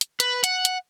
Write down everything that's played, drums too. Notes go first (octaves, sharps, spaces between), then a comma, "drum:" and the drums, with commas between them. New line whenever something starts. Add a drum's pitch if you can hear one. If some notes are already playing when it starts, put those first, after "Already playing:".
drum: hi-hat
B4, drum: hi-hat
F#5, drum: hi-hat
drum: hi-hat